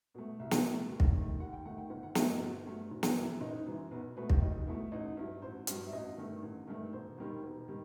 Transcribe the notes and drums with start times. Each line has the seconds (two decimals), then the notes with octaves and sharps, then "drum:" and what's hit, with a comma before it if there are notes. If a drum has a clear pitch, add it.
0.14 B2 A3
0.39 C2 E5
0.51 drum: snare
0.65 B2 A3
0.90 D#2
1.00 drum: kick
1.15 D#3 A3
1.40 D#2 F#5
1.53 G5
1.65 D#3 A3 F#5
1.78 G5
1.90 G1 F#5
2.03 F#5
2.15 G2 F#3 A3 E5, drum: snare
2.28 D#5
2.40 G1 F#4
2.66 G2 F#3 A3
2.91 F#1
3.03 drum: snare
3.16 F#2 E3
3.41 F#1 D#4
3.66 F#2 E3
3.91 B1 B3
4.16 B2 A3 B4
4.30 G4, drum: kick
4.41 B1 D#4
4.66 B2 A3 E4
4.92 A1 D#4
5.17 G2 F#3 E4
5.42 A1 C5
5.67 G2 F#3, drum: hi-hat
5.87 E5
5.92 A1 D#5
6.17 G2 D#3 A3
6.42 A1
6.67 G2 D#3 A3
6.93 E1 C5
7.18 D#2 D#3 G3
7.43 E1
7.68 D#3 G3